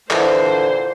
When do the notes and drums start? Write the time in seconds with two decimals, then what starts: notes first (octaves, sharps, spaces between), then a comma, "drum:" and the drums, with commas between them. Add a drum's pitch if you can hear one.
0.10 A#2 D3 E3 C5, drum: clap